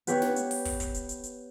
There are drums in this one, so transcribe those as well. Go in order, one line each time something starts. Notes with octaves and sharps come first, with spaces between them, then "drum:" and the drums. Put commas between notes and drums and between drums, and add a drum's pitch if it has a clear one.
B3 G4 B4 C#5, drum: hi-hat
drum: snare
drum: hi-hat
drum: open hi-hat
drum: kick, open hi-hat
drum: kick, hi-hat
drum: hi-hat
drum: hi-hat
drum: hi-hat